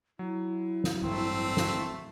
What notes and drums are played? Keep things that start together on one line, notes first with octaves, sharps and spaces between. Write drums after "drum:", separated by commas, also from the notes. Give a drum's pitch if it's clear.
F#3 E4
drum: snare
A1 G2 E3 A3 C4
drum: snare